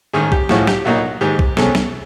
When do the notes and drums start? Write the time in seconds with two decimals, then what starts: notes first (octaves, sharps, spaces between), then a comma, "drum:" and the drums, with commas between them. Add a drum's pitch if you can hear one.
0.13 A1 G#2 D#3 G#4
0.32 G4, drum: kick B1
0.49 A1 A2 F3 G#3 F#4, drum: snare
0.67 G4, drum: snare
0.85 B1 A#2 F#3 A#3 D#4 F#4
1.21 G#2 D#3 G#3 G4
1.39 drum: kick B1
1.57 C2 B2 G#3 C#4 A4, drum: snare
1.75 drum: snare